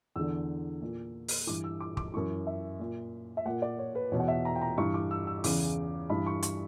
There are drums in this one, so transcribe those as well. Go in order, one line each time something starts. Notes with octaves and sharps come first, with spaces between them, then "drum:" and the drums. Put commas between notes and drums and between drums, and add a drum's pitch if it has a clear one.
E2 D3 E6
A#2
drum: open hi-hat
G2 E3 D6
E6
D6
D6, drum: kick
F#2 E3 C#6
E5
A#2
E5
A#2 F#5
D5
C#5
B4
E2 B2 C#5
F#5
E5
A#5
G5
A#5
G2 E3 C#6
D6
E6
E6
E2 C#3 E3 D6, drum: open hi-hat
G2 E3 B5
C#6
C#6, drum: hi-hat